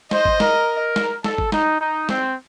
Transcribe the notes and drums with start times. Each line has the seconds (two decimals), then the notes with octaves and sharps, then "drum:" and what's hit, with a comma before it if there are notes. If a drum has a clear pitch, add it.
0.11 C5 D#5, drum: snare
0.25 drum: kick
0.40 A#4, drum: snare
0.96 drum: snare
1.24 A4, drum: snare
1.38 drum: kick
1.52 D#4, drum: snare
1.80 D#4
2.09 C4, drum: snare